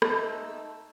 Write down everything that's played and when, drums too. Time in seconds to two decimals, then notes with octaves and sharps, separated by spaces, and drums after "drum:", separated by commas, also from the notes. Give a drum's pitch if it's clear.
0.02 A3 D#4 E6, drum: rim click